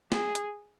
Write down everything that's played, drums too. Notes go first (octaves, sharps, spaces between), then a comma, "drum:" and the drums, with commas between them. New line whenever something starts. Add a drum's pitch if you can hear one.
G#4, drum: snare
drum: hi-hat